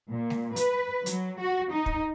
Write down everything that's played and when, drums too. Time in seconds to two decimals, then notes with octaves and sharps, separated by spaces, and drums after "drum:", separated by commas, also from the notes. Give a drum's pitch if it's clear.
0.11 A#2
0.30 drum: snare G#3
0.56 B4, drum: hi-hat
1.06 F#3, drum: hi-hat
1.41 F#4
1.72 D#4
1.86 drum: kick